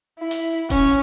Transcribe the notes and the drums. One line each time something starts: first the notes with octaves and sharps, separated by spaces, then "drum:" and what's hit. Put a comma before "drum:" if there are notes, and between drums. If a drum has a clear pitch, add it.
E4
drum: hi-hat
C#4, drum: kick D#1, hi-hat